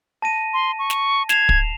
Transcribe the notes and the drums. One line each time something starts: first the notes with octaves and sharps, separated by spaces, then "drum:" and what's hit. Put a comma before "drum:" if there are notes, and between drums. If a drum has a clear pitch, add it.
A5 A#6 D#7
C6
C#6
drum: snare
G#6 C7 E7 F7, drum: snare
drum: kick